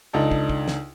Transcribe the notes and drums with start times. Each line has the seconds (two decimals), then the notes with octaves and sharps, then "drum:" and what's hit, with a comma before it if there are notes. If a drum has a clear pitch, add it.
0.13 C#2 D4 D#4 A4
0.31 drum: kick
0.50 drum: kick
0.68 drum: snare